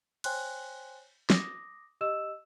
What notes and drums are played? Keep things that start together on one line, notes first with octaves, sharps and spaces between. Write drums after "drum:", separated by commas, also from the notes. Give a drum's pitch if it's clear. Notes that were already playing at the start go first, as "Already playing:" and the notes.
C5 C#5 G5 G#5 C6 F#6, drum: cymbal
D6 D#6 A#6, drum: snare
G4 D#5 E6 E7